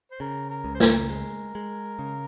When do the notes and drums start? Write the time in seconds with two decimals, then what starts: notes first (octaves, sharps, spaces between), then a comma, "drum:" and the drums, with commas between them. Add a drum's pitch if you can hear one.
0.11 C5
0.20 C#3 A#4
0.50 A#4
0.64 C#2
0.75 C5
0.80 A#4, drum: snare
1.10 G#3
1.55 G#3
1.99 C#3